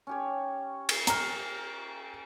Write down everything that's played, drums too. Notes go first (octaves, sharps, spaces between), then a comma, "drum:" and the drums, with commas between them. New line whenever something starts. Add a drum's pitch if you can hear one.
C#4 G4 C#5
drum: cymbal
A#5 F6, drum: hi-hat